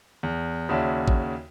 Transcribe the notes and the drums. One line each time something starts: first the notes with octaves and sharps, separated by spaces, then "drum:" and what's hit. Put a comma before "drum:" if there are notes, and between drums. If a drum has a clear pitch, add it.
E2
D#2 C#3 F#4 D5 E5 A5
drum: kick